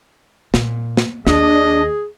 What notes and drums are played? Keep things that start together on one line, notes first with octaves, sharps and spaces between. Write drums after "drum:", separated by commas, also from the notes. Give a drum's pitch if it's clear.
A#2, drum: snare
drum: snare
D#2 D4 G#4 D#5, drum: snare